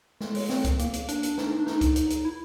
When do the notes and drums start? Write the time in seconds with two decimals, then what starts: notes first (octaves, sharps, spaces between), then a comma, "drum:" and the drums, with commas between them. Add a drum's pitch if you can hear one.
0.21 G#3, drum: snare
0.35 G#3, drum: open hi-hat
0.49 C4, drum: snare
0.64 drum: kick C#2, hi-hat
0.79 A#3, drum: hi-hat
0.93 A#3, drum: hi-hat
1.09 D4, drum: hi-hat
1.23 D4, drum: hi-hat
1.38 D#4, drum: snare
1.60 D4
1.67 D#4, drum: snare
1.81 drum: kick C#2, hi-hat
1.96 drum: hi-hat
2.10 drum: hi-hat
2.25 E4